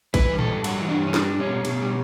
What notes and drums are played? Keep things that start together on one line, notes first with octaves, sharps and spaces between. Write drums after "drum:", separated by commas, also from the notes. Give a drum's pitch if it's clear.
E3 B4, drum: kick A#1, cymbal
G2
A4, drum: tom A2
G2
G3 F#4, drum: cymbal
E3
D4
G2
C#4
G3 D4, drum: snare
G3
C#4
B2
B2, drum: cymbal
G3